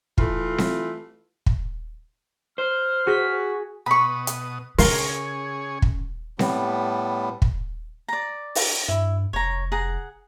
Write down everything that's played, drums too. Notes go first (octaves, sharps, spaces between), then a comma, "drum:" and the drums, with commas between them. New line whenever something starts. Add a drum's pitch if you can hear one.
E3 A3 F4, drum: kick
drum: snare C4
drum: kick
C5 F6
F#4 G#4 B6
B2 B5 C#6 D#6
drum: hi-hat
C#3 G#4 A#4 C#5 C6, drum: open hi-hat
drum: kick
A2 G3 B3, drum: snare C4
drum: kick
D5 A#5
drum: open hi-hat
G2 E4
F1 C#5 A#5
G#4 F#5 A#5